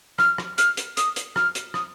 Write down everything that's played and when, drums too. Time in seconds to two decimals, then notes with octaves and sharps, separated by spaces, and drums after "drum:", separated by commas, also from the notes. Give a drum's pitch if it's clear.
0.19 F6, drum: rim click
0.38 drum: rim click
0.58 F6, drum: hi-hat
0.77 drum: hi-hat
0.97 D#6, drum: hi-hat
1.16 drum: hi-hat
1.36 F6, drum: rim click
1.55 drum: hi-hat
1.74 D#6, drum: rim click